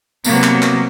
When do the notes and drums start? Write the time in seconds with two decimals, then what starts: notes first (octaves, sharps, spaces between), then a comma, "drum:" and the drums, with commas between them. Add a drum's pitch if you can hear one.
0.25 C3 F#3 A#3 B3, drum: tambourine
0.43 drum: clap
0.62 drum: clap